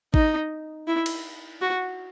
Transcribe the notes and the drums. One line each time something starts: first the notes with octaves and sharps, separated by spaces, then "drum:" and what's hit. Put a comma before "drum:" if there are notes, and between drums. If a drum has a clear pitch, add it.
D#4, drum: kick G#1
E4
drum: cymbal
F#4